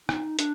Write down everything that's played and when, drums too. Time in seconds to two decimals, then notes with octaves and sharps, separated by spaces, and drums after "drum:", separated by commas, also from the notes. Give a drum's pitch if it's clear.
0.09 D#4, drum: rim click
0.39 D4, drum: hi-hat